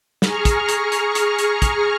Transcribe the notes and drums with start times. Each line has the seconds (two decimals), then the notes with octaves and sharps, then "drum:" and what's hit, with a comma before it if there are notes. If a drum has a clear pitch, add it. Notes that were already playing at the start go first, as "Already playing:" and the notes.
0.22 G#4 A#5 C#6 F6, drum: snare
0.45 drum: kick, hi-hat
0.69 drum: hi-hat
0.92 drum: hi-hat
1.15 drum: hi-hat
1.39 drum: hi-hat
1.62 drum: kick, hi-hat